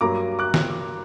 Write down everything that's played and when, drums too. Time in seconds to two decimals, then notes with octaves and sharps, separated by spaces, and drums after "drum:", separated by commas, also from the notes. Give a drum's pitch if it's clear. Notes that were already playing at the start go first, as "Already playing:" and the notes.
0.01 G2 F#3 A#3 A#5 D6
0.39 D6 F#6
0.54 drum: snare